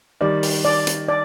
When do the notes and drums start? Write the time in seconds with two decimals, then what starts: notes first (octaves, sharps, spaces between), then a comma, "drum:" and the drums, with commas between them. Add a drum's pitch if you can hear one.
0.21 D#3 G3 D5
0.43 drum: open hi-hat
0.65 D5
0.87 drum: hi-hat
1.09 D5